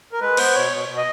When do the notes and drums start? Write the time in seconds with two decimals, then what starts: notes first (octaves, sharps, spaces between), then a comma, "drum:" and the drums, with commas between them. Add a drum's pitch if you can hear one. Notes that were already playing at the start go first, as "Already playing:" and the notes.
0.12 A#4
0.21 G#3 B4
0.37 B3 C5, drum: cymbal
0.55 B2 C#5
0.72 B2
0.89 B2
0.97 D#5